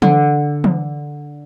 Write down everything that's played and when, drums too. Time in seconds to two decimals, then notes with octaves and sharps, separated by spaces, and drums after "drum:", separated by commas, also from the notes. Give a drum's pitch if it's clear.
0.02 D3, drum: tom E3
0.64 drum: tom E3